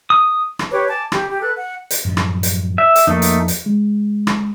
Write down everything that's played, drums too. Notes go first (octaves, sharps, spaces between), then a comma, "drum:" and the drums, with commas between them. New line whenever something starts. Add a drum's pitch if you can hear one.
D#6
drum: rim click
G4 B4 C#5 D6
G#5 A5 D6
G4, drum: rim click
G4
A4 B4 F#6
F#5
drum: hi-hat
F#2 A2 F3
drum: rim click
drum: hi-hat
E5
drum: hi-hat
F2 F3 A3 A#3 D#4
drum: hi-hat
drum: hi-hat
G#3
drum: rim click